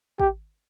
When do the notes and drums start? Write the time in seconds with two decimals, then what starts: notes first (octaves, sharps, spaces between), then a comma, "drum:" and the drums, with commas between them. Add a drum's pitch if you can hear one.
0.20 G4, drum: kick